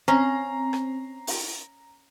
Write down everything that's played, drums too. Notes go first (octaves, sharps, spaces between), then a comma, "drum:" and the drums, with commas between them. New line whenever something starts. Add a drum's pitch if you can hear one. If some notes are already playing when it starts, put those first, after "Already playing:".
C4 C#4 A#5
drum: rim click
drum: open hi-hat